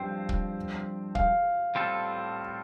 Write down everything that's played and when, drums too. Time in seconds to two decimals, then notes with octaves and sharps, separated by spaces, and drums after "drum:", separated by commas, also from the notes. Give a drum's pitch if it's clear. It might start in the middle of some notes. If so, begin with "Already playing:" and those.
Already playing: G2 F3 C4 C5 G5
0.29 drum: kick
1.15 F5, drum: kick
1.75 A2 G3 C4 F4 A4